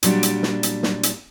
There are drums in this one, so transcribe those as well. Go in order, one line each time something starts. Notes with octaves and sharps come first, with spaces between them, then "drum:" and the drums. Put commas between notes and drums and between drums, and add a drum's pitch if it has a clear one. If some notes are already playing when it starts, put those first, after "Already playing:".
A#2 F#3 G3 D4, drum: hi-hat
drum: hi-hat
drum: snare
drum: hi-hat
drum: snare
drum: hi-hat